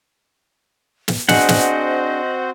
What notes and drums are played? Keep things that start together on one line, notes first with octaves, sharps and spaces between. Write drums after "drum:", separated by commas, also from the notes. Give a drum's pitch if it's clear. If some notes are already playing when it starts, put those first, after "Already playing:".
drum: snare
C4 D4 F#4 G#4 C5 D#5 F#5, drum: snare
drum: snare